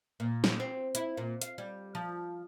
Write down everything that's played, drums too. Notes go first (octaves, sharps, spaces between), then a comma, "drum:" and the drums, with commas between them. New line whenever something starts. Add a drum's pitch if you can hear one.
A#2
drum: snare
C4
E4, drum: hi-hat
A#2
F5, drum: hi-hat
G3
F3